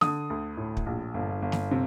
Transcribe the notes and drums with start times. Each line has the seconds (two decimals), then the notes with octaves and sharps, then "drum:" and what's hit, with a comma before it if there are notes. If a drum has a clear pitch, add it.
0.01 D3 D#6, drum: snare
0.30 D2
0.57 A2
0.77 drum: kick
0.86 A#1
1.14 G1
1.42 G1
1.52 drum: snare
1.71 C3